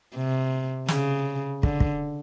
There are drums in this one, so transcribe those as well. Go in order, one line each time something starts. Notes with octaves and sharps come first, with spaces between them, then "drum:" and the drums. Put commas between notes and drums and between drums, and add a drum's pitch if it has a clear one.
C3
C#3, drum: snare
D3, drum: kick
drum: kick